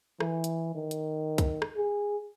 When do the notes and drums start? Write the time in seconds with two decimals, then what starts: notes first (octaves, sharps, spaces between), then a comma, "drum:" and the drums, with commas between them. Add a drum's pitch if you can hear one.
0.20 E3, drum: rim click
0.44 drum: hi-hat
0.75 D#3
0.91 drum: hi-hat
1.38 drum: kick, hi-hat
1.62 drum: rim click
1.76 G#4